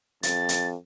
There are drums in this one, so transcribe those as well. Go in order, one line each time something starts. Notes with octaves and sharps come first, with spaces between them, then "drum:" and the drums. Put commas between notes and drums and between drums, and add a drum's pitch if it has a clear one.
F2 A6, drum: hi-hat
drum: hi-hat